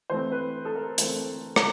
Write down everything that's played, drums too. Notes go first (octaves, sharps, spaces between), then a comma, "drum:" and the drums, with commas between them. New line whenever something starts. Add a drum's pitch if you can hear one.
E3 A3 C4 C5
B4
A4
A#4
E3 A3 C4, drum: hi-hat
drum: rim click